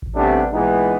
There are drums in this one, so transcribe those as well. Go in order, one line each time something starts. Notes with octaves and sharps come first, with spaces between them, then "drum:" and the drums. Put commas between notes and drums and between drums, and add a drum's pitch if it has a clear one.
drum: kick A1
C3 G3 A3 B3 C#4 D4
A#2 E3 G#3 B3 D#4